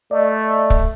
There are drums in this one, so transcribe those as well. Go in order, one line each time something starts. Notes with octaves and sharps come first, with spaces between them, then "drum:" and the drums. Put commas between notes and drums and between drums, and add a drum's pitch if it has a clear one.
A3 D5 D#5
drum: kick